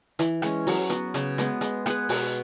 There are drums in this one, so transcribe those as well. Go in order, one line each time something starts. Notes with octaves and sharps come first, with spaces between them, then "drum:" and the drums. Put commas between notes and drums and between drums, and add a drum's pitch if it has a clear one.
E3, drum: hi-hat
G#3 C#4, drum: rim click
F#3, drum: open hi-hat
B3 F#4, drum: hi-hat
C#3, drum: hi-hat
G#3 B3, drum: hi-hat
G#3, drum: hi-hat
B3 G#4 B4, drum: rim click
B2, drum: open hi-hat